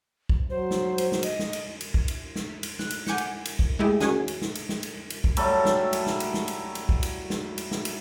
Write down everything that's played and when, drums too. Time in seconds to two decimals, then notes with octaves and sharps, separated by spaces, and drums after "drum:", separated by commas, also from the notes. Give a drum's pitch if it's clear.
0.29 drum: kick
0.50 F#3 C5
0.71 drum: snare
0.98 drum: cymbal
1.12 drum: snare
1.23 D#5, drum: cymbal
1.39 drum: snare
1.53 drum: cymbal
1.81 drum: cymbal
1.94 drum: kick
2.08 drum: cymbal
2.36 drum: snare
2.63 drum: cymbal
2.79 F#6, drum: snare
2.91 drum: cymbal
3.07 F#5 G#5 D6 G6 C#7, drum: snare
3.18 drum: cymbal
3.45 drum: cymbal
3.59 drum: kick
3.79 G#3 A3 E4 G4 G#4
4.00 D#3 C#4 F#4 G#4 G#5, drum: snare
4.28 drum: cymbal
4.42 drum: snare
4.55 drum: cymbal
4.69 drum: snare
4.83 drum: cymbal
5.10 drum: cymbal
5.24 drum: kick
5.37 F#3 G3 A3 A4, drum: cymbal
5.65 drum: snare
5.93 drum: cymbal
6.07 drum: snare
6.20 drum: cymbal
6.34 drum: snare
6.48 drum: cymbal
6.75 drum: cymbal
6.89 drum: kick
7.03 drum: cymbal
7.30 drum: snare
7.58 drum: cymbal
7.71 drum: snare
7.85 drum: cymbal